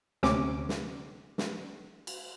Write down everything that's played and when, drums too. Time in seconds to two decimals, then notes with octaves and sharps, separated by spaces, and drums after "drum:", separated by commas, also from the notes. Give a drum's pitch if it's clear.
0.23 D2 C3 C4 C#4 D6, drum: snare
0.69 drum: snare
1.38 drum: snare
2.07 drum: cymbal